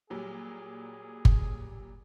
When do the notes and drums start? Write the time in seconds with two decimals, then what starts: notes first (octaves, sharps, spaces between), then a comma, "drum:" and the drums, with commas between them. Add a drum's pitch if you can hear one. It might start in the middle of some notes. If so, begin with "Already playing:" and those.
0.10 A#2 F#3 G3 G#4
1.25 drum: kick G1